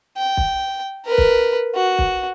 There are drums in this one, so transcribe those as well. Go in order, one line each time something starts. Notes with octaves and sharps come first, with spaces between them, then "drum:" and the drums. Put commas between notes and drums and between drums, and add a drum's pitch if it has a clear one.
G5
drum: kick
A#4 B4
drum: kick
F#4
drum: kick